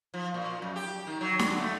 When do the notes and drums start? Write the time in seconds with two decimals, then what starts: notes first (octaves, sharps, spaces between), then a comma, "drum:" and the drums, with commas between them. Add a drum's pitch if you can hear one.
0.14 F3
0.34 A#2
0.62 F#2
0.76 G4
1.07 D#3
1.21 F#3
1.39 D3, drum: snare
1.60 A3